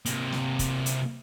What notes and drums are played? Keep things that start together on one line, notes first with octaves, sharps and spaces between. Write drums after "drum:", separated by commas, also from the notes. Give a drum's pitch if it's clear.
C3 A#3, drum: hi-hat
drum: snare
drum: kick, hi-hat
drum: hi-hat